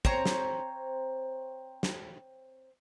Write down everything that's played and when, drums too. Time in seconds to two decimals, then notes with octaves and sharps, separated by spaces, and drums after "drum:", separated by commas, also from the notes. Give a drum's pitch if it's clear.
0.05 C4 C5 C#5 A#5, drum: kick
0.25 drum: snare
1.83 drum: snare